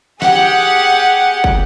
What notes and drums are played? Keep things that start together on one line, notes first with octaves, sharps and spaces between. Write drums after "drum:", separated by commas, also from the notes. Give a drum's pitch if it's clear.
G4 G#4 F#5, drum: snare
drum: kick